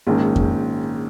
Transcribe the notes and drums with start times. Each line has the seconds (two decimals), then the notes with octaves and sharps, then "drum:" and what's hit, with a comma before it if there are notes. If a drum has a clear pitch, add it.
0.07 A#1 G#2 D#3 C#4
0.36 drum: kick F2